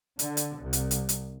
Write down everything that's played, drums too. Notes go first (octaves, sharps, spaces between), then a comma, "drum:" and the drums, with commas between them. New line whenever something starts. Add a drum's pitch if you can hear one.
D3, drum: hi-hat
drum: hi-hat
C2
drum: hi-hat
drum: hi-hat
drum: hi-hat